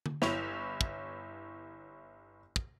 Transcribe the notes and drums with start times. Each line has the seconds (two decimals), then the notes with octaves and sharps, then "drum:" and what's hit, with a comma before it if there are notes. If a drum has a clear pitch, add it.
0.06 drum: tom D3
0.22 G1 E4 C#5 F7, drum: snare
0.81 drum: kick
2.56 drum: kick